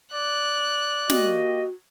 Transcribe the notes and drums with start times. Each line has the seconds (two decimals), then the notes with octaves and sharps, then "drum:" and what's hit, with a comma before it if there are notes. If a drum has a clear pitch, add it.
0.13 D5 F#6
1.10 A#3 F#4 G4 D#5, drum: snare